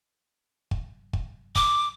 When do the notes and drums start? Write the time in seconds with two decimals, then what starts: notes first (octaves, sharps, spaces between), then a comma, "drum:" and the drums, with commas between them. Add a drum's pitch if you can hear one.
0.71 drum: kick
1.13 drum: kick
1.55 D6, drum: kick